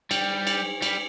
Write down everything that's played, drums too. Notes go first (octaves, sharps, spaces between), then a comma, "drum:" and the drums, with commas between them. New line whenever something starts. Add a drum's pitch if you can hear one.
G3, drum: cymbal
drum: cymbal
G3, drum: cymbal